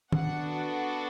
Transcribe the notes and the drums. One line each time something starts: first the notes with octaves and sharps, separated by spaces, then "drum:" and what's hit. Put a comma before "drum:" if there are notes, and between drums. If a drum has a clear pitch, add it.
B3 D4 F#4 A4 F#5, drum: tom D#3